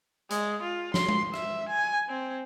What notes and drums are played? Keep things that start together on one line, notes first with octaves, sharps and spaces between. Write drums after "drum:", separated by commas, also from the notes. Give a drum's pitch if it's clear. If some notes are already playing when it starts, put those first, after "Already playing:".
G#3, drum: hi-hat
F4
C6, drum: snare
drum: tom G#3
E5, drum: rim click
G#5
C4